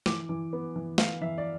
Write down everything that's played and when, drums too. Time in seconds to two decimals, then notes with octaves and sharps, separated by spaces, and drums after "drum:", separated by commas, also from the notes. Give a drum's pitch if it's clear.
0.06 E3 D6, drum: snare
0.29 E3
0.53 B3
0.76 E3
0.98 B3 F5, drum: snare
1.21 E3 E5
1.38 D5